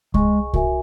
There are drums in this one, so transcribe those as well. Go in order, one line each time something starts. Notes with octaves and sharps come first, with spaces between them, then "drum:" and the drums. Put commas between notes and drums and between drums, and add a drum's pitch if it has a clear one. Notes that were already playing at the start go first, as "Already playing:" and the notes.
G#3 G#4 D#5 G#5 C#6, drum: kick C2
F#4 A#4 E5 G#5, drum: kick C2